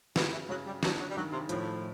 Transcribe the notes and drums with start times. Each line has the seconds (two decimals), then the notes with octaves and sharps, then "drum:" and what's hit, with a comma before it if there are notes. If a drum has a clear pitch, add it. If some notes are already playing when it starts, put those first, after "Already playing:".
0.16 C#3 E3, drum: snare
0.32 E3
0.49 C#3 F#3
0.66 G3
0.83 F#3 D4, drum: snare
0.99 F#3
1.11 G3
1.16 D#3 F#3
1.33 C3
1.49 A2 F3, drum: hi-hat